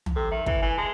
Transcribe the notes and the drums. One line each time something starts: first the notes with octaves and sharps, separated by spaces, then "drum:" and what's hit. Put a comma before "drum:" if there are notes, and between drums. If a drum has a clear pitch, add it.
drum: tom
C3 A4
D#3 E5
E3 E5, drum: kick
E3 G#5
G#3 A5